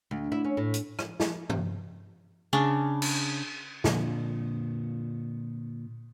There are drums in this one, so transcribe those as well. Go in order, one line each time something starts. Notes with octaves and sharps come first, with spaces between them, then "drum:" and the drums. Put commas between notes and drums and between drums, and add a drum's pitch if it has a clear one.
D2
E4
C#4
A2
drum: hi-hat
drum: rim click
drum: snare
drum: tom G2
C#3 C#4 D4
drum: cymbal
A#2 D3 F3, drum: snare